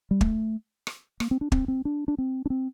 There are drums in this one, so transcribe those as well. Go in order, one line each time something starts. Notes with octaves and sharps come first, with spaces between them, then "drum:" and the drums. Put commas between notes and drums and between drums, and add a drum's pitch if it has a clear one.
G3
A3, drum: kick
drum: rim click
A#3, drum: rim click
C4
D4
C4, drum: kick
C4
D4
D4
C4
D4
C4